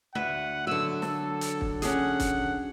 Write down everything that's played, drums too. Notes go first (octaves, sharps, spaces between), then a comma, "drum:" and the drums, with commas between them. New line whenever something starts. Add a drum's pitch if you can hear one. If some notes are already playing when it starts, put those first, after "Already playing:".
D2 B4 E5 F#5
D3 F#3 B4 E6
A4, drum: snare
drum: hi-hat
drum: kick
C#4 D4 G#4 F#5, drum: hi-hat
drum: kick, hi-hat